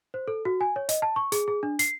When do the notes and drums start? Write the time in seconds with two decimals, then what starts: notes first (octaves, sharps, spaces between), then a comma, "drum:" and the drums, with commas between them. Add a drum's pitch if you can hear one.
0.14 C5
0.28 A4
0.45 F#4
0.61 G#5
0.76 C#5
0.89 D#5, drum: hi-hat
1.02 A5
1.16 C#6
1.32 G#4, drum: hi-hat
1.48 G#4
1.63 D4
1.79 C7, drum: hi-hat